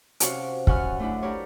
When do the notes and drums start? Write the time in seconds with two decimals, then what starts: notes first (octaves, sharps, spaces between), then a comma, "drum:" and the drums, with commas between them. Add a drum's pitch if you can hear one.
0.20 C3 C#4 F#4 C#5 F5 C#6, drum: hi-hat
0.67 F#2 F#5 G#5 C#6 F6, drum: kick
1.00 A3 D4 E4
1.22 E4 G4 A#4 C#5 D5